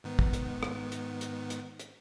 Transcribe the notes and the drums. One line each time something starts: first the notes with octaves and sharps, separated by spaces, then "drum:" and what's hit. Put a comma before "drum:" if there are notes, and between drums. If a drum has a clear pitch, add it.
G#2 D#3 B3
drum: kick
drum: hi-hat
drum: rim click
drum: hi-hat
drum: hi-hat
drum: hi-hat
drum: hi-hat